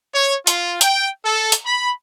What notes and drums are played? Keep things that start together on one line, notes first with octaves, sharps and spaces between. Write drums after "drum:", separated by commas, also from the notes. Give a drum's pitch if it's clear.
C#5
F4, drum: hi-hat
G5, drum: hi-hat
A4
drum: hi-hat
B5